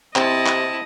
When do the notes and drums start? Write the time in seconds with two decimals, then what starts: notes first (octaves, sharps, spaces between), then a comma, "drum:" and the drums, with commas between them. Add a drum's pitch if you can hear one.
0.16 C3 C4 E4 D#5 A5, drum: clap
0.46 drum: clap